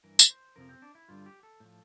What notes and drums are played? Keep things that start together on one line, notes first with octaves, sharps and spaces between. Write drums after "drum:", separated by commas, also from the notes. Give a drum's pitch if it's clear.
G2 E3 A#4
drum: tambourine
C5
F2 C3 F3 A#4
C4
D4
E4
G2 D3 G3 F4
G4
A4
A2 F3